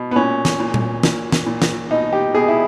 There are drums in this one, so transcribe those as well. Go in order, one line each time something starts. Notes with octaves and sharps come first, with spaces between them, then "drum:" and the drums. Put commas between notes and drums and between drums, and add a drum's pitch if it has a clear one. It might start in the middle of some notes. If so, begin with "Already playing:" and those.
Already playing: B2
B3
A#2 C#4
drum: snare
A#2
drum: tom A#2
A#2, drum: snare
drum: snare
A#2
drum: snare
B2 D#4
G4
B2 G#4
E4